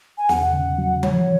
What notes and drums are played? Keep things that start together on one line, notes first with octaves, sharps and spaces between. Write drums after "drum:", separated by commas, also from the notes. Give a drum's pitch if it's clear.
G#5
E2 F#5, drum: snare
C#3
F#3
E3 C#5, drum: tom F3